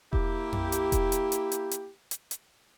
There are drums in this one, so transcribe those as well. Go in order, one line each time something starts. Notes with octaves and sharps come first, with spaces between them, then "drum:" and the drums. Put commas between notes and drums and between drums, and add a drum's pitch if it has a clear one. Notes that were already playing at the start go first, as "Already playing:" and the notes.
A#3 E4 G4, drum: kick E1
drum: tom F2
drum: hi-hat
drum: kick E1, hi-hat
drum: hi-hat
drum: hi-hat
drum: hi-hat
drum: hi-hat
drum: hi-hat
drum: hi-hat